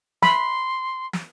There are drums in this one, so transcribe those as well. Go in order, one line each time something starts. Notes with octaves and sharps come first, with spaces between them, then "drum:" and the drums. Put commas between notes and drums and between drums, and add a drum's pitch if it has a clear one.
B5 C6, drum: snare
drum: snare